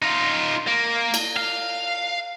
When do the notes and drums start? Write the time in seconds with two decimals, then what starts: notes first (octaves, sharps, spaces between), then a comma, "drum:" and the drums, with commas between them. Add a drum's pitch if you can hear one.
0.02 D#4 F4
0.67 A#3
1.14 drum: cymbal
1.37 F5